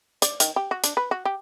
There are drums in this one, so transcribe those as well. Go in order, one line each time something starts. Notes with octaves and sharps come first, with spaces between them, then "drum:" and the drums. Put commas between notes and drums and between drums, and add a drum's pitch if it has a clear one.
D5, drum: hi-hat
D#3, drum: hi-hat
G4
F#4
D4, drum: hi-hat
B4
F#4
G4